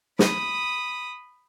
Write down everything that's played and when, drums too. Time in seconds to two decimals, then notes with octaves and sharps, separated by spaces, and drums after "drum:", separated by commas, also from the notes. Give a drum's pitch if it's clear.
0.19 B5 D#6, drum: snare